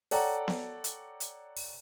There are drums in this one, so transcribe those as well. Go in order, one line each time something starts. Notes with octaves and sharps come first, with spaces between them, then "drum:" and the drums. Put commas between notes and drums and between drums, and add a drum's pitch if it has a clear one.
A4 C#5 D5 F#5 G5 A#5, drum: open hi-hat
drum: snare B3
drum: hi-hat
drum: hi-hat
drum: open hi-hat